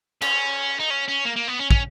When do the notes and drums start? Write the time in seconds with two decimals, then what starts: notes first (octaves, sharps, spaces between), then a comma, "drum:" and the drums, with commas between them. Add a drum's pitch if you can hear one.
0.22 C#4, drum: cymbal
0.79 D#4
0.90 C#4
1.08 C#4
1.25 A#3
1.36 A#3
1.47 B3
1.59 C#4
1.71 C#4, drum: kick